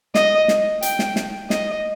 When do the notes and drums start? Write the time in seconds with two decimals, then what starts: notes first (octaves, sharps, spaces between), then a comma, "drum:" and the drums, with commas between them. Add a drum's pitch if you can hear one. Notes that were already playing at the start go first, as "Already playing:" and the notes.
0.15 D#5, drum: snare
0.48 drum: snare
0.82 G5, drum: hi-hat
0.99 drum: snare
1.16 drum: snare
1.50 D#5, drum: snare